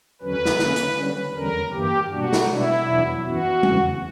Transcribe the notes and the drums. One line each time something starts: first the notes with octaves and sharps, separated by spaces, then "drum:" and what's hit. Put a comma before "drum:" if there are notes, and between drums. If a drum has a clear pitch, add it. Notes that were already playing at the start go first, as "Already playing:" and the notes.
E2 D3 F#3 C#4 B4
drum: snare
D3 A#3 C#4, drum: snare
drum: hi-hat
D3 G3 C#4
E2 D3 G3 C#4 A#4
G2 E3 A#3 G4
B2 G3 A#3 D4 F#4
drum: snare
B2 G3 B3 D4 E4
E2 B2 F#3 B3 D4
F#2 E3 B3 F#4
E2 C#3 E3, drum: tom G3